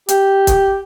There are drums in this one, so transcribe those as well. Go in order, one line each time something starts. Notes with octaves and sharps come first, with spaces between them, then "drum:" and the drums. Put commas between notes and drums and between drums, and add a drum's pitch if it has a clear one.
G4, drum: hi-hat
drum: kick, hi-hat